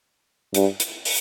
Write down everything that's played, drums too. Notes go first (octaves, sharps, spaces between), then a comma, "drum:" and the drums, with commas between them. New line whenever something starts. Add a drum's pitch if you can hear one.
G2, drum: hi-hat
drum: hi-hat
drum: open hi-hat